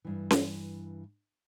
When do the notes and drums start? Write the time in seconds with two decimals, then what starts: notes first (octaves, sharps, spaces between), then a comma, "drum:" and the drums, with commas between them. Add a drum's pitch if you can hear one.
0.05 G2 E3
0.31 drum: snare C#4